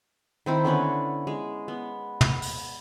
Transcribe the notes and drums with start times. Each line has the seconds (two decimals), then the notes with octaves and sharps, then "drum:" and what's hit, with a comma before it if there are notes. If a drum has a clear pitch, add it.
0.46 D#3 C4 E4
0.65 D3 B3 C#4 B4
1.27 G#3
1.68 B3
2.21 drum: tom
2.42 drum: open hi-hat